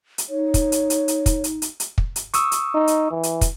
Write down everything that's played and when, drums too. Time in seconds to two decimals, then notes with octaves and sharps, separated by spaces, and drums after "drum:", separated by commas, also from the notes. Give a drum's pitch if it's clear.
0.18 drum: hi-hat
0.29 D#4 C#5
0.54 drum: kick, hi-hat
0.72 drum: hi-hat
0.90 drum: hi-hat
1.08 drum: hi-hat
1.26 drum: kick, hi-hat
1.44 drum: hi-hat
1.62 drum: hi-hat
1.80 drum: hi-hat
1.98 drum: kick
2.16 drum: hi-hat
2.34 C#6 D#6 E6, drum: hi-hat
2.52 drum: hi-hat
2.74 D#4
2.87 drum: hi-hat
3.10 E3
3.23 drum: hi-hat
3.41 drum: kick, hi-hat